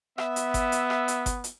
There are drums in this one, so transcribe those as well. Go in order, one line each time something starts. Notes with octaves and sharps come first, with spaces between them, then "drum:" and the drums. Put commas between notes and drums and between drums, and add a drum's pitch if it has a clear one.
B3 E5, drum: rim click
drum: hi-hat
drum: kick G1, hi-hat
drum: hi-hat
drum: rim click
drum: hi-hat
drum: kick G1, hi-hat
drum: hi-hat